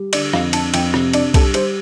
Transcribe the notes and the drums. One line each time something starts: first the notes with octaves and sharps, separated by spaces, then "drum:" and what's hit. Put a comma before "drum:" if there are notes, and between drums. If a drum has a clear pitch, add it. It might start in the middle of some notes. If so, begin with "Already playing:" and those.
Already playing: G3
D3 D5, drum: cymbal
F2 F5, drum: rim click
D4 A5, drum: cymbal
F2 G5, drum: cymbal
C3, drum: rim click
D4 D5, drum: cymbal
G3 A4, drum: kick B1, cymbal
G3 C5, drum: cymbal